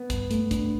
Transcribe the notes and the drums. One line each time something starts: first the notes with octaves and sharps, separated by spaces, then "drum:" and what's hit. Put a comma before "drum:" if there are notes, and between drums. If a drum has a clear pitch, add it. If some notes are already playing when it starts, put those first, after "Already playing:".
Already playing: B3
G2, drum: kick, hi-hat
A3, drum: hi-hat
D4, drum: kick, hi-hat